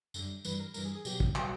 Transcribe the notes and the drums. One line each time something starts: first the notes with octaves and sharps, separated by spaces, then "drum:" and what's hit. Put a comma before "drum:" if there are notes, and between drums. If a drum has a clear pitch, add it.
F#2 D3 G3, drum: tambourine
G2 E3 G3 B4, drum: tambourine
A#4
G2 E3 G3 A#4, drum: tambourine
G#4
G#4
B2 F#3 G4, drum: tambourine
drum: kick
B2 G3 F#4, drum: clap